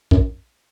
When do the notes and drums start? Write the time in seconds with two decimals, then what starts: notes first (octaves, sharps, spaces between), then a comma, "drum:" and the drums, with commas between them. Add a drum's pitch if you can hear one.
0.11 F#2, drum: kick A#1